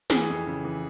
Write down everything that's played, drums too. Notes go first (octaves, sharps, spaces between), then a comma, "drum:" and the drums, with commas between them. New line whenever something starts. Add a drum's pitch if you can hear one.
E3 G#4, drum: snare
F2
C#3
E3